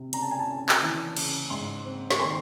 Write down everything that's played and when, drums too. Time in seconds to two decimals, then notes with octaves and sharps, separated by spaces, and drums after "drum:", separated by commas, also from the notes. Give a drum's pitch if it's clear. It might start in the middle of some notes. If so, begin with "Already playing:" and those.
Already playing: C3
0.13 C#3 A#5, drum: hi-hat
0.22 A5
0.31 G#5
0.39 A5
0.47 C#3
0.69 drum: clap
0.83 E3
1.17 C#3, drum: cymbal
1.50 G#2 C6
1.85 C4
2.11 C#6, drum: snare
2.19 D#3 C6